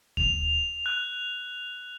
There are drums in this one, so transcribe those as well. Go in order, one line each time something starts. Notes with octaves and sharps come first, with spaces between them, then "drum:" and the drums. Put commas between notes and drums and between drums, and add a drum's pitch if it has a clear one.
F7, drum: kick D#2
F#6